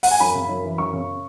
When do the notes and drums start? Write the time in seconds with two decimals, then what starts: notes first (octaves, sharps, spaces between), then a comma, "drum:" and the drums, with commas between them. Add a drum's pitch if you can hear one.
0.03 F#5, drum: open hi-hat
0.11 G#5
0.20 F#2 B5
0.35 C#3
0.49 F#2
0.64 E3
0.78 F#2 C#6
0.93 C#3